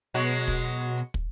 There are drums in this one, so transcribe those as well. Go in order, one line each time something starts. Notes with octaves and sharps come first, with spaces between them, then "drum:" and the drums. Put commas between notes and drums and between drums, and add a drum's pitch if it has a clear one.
B2 F#3 G#3 F#4, drum: hi-hat
drum: hi-hat
drum: kick, hi-hat
drum: hi-hat
drum: hi-hat
drum: hi-hat
drum: kick